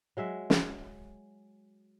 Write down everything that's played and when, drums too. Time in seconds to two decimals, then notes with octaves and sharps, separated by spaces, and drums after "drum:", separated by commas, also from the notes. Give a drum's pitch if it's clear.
0.17 F#3 G#3 E5
0.50 drum: snare